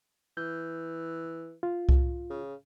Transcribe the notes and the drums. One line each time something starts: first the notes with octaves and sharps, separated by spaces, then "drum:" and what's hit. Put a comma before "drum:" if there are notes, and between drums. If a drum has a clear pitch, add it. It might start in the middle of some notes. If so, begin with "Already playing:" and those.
E3 G6
F4
drum: kick C2
C#3